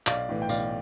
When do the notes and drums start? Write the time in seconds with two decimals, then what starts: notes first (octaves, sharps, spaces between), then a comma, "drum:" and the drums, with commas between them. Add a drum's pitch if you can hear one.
0.07 B1 D5 F5, drum: clap
0.29 A2 E3
0.42 G5
0.49 B1 D5 F5, drum: tambourine